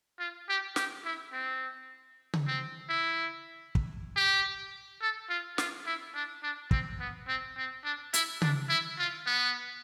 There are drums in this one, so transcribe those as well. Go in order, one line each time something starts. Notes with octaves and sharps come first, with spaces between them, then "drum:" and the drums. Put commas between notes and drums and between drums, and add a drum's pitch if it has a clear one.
F4
G4
G4, drum: snare
E4
C4
drum: tom C#3
C4
E4
drum: kick
G4
A4
F4
F4, drum: snare
E4
D4
D4
C4, drum: kick
B3
C4
C4
D4
E4, drum: hi-hat
D4, drum: tom C#3
E4
F4
B3